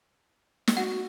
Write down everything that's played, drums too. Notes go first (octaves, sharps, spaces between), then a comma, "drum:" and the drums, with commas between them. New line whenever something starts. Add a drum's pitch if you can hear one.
drum: snare
F#4 F#5